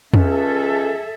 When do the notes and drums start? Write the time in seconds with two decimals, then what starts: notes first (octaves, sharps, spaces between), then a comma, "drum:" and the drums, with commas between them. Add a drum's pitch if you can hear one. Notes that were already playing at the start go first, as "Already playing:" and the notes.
0.14 C#2 C#4 G#4 A4 E5, drum: tom